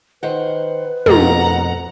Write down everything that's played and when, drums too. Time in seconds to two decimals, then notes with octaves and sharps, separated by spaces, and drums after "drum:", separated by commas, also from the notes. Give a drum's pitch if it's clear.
0.23 D#3 B4 C5 F#5
1.06 F2 B2 A3 A#4 F#5 A#5, drum: tom